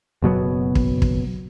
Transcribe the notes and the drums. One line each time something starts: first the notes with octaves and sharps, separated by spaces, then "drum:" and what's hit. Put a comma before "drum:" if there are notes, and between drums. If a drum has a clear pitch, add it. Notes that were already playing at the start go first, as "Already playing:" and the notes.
F#1 B2 F#3 B3
drum: kick
drum: kick